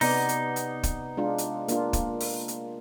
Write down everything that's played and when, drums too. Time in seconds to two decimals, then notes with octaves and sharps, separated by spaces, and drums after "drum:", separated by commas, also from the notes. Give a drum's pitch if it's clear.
0.01 C3 B3 D#4 D5, drum: open hi-hat
0.29 drum: hi-hat
0.56 drum: hi-hat
0.83 drum: kick, hi-hat
1.17 G#3 D4 F4
1.38 drum: hi-hat
1.68 A#3 D4 F4, drum: hi-hat
1.93 drum: kick, hi-hat
2.21 drum: open hi-hat
2.48 drum: hi-hat